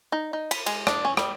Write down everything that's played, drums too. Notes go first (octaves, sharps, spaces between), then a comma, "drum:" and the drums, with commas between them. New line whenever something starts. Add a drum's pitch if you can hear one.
D#4
D#4
B5, drum: cymbal
G#3, drum: cymbal
D4, drum: rim click
C#4
G3, drum: rim click